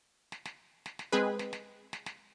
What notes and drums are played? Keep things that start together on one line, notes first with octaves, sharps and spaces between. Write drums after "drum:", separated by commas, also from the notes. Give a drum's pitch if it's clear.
drum: snare
drum: snare
drum: snare
drum: snare
G#3 C4 G#4 B4
drum: snare
drum: snare
drum: snare
drum: snare